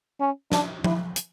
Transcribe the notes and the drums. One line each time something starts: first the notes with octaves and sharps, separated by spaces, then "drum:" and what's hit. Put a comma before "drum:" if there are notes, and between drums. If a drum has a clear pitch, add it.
C#4
D4, drum: snare
E4, drum: tom F3
drum: hi-hat